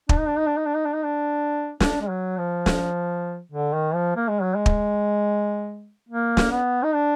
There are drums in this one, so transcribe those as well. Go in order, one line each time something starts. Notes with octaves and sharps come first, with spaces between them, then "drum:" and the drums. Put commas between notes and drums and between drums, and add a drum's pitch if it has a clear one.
D4, drum: kick
D#4
D4
D#4
D4
D#4
D4
D#4
D4
D#4
D4
D4, drum: snare
G#3
F#3
F3
drum: snare
D3
D#3
F3
A#3
G#3
F#3
G#3
drum: kick
A#3
drum: snare
B3
D#4
D4